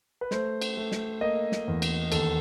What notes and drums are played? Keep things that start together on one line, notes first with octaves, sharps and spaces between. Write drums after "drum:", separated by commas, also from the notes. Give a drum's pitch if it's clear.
B4
A3 C5, drum: snare
drum: cymbal
A3
drum: snare
A#3 D#5
drum: snare
E2
drum: cymbal
D#2 A4, drum: cymbal